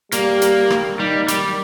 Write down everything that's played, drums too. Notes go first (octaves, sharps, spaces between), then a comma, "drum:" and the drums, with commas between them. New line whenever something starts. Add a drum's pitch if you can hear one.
G3 A#3, drum: hi-hat
drum: hi-hat
drum: rim click
D#3 G3
G3, drum: hi-hat